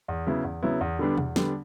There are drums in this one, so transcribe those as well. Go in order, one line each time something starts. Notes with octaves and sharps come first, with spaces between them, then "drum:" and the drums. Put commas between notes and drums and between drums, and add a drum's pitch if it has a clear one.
E2
C#3 F#3 B3 E4
E2
C#3 F#3 B3 E4
E2
D3 G3 B3 D4
E2, drum: tom B2
D3 G3 B3 D4, drum: snare